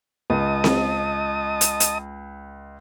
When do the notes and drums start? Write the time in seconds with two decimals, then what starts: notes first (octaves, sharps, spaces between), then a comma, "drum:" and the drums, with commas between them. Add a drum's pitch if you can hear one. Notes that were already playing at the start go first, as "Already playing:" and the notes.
0.30 C#2 D#5 A5 D#6
0.64 drum: snare C4
1.61 drum: hi-hat
1.80 drum: hi-hat